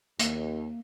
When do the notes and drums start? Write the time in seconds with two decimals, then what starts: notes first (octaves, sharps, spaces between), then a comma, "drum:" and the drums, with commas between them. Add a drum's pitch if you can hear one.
0.19 D#2 A#3, drum: hi-hat